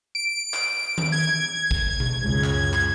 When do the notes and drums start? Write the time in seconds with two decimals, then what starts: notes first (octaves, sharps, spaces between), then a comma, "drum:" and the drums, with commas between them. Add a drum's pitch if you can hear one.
0.15 D7
0.54 drum: clap
0.98 drum: tom D#3
1.12 G#6
1.71 drum: kick
2.00 drum: tom B2
2.22 C#2 F#2 C#3
2.44 drum: clap
2.73 drum: clap